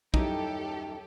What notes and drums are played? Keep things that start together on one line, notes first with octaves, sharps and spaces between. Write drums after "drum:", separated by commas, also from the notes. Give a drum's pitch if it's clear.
D#1 F#2 D#4 E4 G4 A4, drum: kick